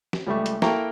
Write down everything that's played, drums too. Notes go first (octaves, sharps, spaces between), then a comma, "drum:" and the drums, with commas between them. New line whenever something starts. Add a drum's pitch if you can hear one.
drum: snare
C#2 G3 A3 C#6
drum: hi-hat
A#3 E4 A4 G5 A#5 C#6, drum: snare